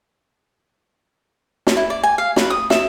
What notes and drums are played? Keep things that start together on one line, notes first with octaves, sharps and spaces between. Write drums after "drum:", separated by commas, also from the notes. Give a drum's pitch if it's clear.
drum: snare
E4
D5
G#5
F5
B4, drum: snare
D#6
E5, drum: snare